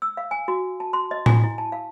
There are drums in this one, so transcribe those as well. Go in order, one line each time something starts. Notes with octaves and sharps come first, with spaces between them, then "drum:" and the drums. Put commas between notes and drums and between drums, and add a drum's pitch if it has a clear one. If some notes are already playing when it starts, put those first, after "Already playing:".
E6
F5
G#5
F#4
A5
C6
D#5
G#5, drum: tom A2
E4
A5
F5